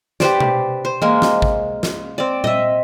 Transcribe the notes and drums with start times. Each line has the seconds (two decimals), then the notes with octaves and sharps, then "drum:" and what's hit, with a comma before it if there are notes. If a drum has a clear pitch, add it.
0.20 G4 B4 C5 D5, drum: snare
0.40 drum: tom B2
0.85 C5
1.02 G#3 A#3 G#5, drum: tom E3
1.22 drum: snare
1.42 drum: kick
1.83 drum: snare
2.18 C4 D5
2.44 D#5 E5, drum: tom A#2